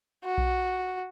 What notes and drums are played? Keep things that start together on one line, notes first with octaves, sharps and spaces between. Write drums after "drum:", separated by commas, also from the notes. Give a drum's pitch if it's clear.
F#4
drum: kick B1